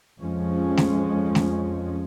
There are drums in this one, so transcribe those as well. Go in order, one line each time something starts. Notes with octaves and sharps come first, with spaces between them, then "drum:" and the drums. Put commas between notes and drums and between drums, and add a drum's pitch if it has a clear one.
F2 F3 G#3 C#4
drum: snare A3
drum: snare A3